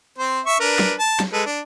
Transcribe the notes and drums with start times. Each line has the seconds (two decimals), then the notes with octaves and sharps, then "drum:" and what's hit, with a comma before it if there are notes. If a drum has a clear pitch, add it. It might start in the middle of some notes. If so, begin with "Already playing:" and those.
0.18 C4 C5
0.46 E5 C#6
0.60 D4 A#4 B4
0.79 drum: snare
0.99 A5
1.20 drum: snare
1.33 G#3 A4 B4
1.46 D4